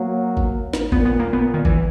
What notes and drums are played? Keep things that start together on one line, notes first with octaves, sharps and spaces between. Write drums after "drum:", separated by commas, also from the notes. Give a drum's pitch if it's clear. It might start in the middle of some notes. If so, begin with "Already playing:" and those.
Already playing: F#3 A#3
drum: kick G#1
drum: snare
A#2 B3, drum: kick G#1
B3
A#3
B3
D#3
E3, drum: kick G#1